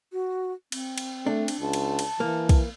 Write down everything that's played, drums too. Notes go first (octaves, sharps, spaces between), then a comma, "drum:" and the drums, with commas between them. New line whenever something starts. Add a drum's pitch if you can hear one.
F#4
C4, drum: cymbal
drum: cymbal
A3 D4
drum: cymbal
C#2 A5
drum: cymbal
drum: cymbal
E3 A#3
drum: kick, cymbal